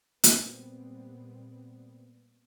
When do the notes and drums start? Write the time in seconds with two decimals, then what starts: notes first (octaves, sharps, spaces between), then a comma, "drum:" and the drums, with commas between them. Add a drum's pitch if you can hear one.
0.24 A#2 G3 B3 C4, drum: hi-hat